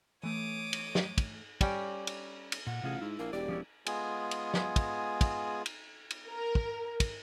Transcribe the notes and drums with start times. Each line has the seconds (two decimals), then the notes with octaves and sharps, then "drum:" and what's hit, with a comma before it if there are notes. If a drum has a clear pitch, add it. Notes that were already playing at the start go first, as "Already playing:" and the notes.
0.23 E3 A3 C#5 D6 D#6
0.73 drum: cymbal
0.95 drum: snare
1.18 drum: kick, cymbal
1.61 G3 C#4 G4, drum: kick, cymbal
2.07 drum: cymbal
2.52 drum: cymbal
2.67 A#2 F#5
2.83 A1 C3 F4 G#4
3.01 G#2 E4
3.19 A#1 A#3 F5
3.33 E1 G4 D5
3.49 F3 C#4 E4
3.86 G#3 B3 F4 G#4 G#5, drum: cymbal
4.31 drum: cymbal
4.54 drum: snare
4.76 drum: kick, cymbal
5.21 drum: kick, cymbal
5.66 drum: cymbal
6.10 drum: cymbal
6.28 A#4
6.55 drum: kick
7.00 drum: kick, cymbal